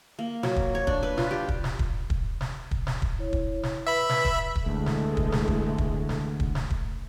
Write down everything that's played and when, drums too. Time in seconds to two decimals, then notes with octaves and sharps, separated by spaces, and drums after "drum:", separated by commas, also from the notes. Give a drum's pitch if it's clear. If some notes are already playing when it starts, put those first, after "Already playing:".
0.19 A#3
0.43 F#3, drum: snare
0.56 drum: kick
0.75 C#5
0.87 D4, drum: kick
1.03 B4
1.18 F4, drum: snare
1.31 G4
1.48 drum: kick
1.64 drum: snare
1.79 drum: kick
2.10 drum: kick
2.41 drum: snare
2.71 drum: kick
2.87 drum: snare
3.02 drum: kick
3.19 E4 C#5
3.33 drum: kick
3.63 drum: snare
3.87 B4 E5 B5
4.09 drum: snare
4.25 drum: kick
4.55 drum: kick
4.66 D2 E3 G#3 A3
4.86 drum: snare
5.17 drum: kick
5.32 drum: snare
5.48 drum: kick
5.78 drum: kick
6.09 drum: snare
6.40 drum: kick
6.55 drum: snare
6.70 drum: kick